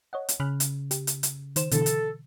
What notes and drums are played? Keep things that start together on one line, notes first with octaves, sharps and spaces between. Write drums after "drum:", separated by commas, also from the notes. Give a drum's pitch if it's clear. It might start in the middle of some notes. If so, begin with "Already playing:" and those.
C#5 D#5 F#5
drum: hi-hat
C#3 B5 F6 F#6
drum: hi-hat
G4, drum: hi-hat
drum: hi-hat
drum: hi-hat
D#3 C5 E7, drum: hi-hat
B2 D3 E3 A4, drum: hi-hat
drum: hi-hat